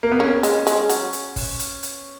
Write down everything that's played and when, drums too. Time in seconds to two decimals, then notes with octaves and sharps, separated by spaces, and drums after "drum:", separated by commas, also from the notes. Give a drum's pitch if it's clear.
0.03 A#3
0.12 B3
0.19 A#3 C#4
0.43 G#3, drum: hi-hat
0.67 G#3, drum: hi-hat
0.89 F#3, drum: hi-hat
1.13 drum: hi-hat
1.36 drum: kick, open hi-hat
1.59 drum: hi-hat
1.83 drum: hi-hat